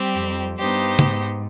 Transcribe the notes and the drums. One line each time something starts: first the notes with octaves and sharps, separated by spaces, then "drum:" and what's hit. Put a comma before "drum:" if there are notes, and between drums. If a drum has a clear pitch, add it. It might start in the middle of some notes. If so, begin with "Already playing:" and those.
Already playing: G3 C4 G4
F2
G2 B3 D#4 G4 C5
G#2, drum: tom